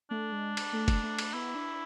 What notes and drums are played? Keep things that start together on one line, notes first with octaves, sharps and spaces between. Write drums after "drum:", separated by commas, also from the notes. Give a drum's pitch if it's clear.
A3 D4
G#3
drum: cymbal
A3
drum: kick, cymbal
A3
drum: cymbal
B3 E4
D4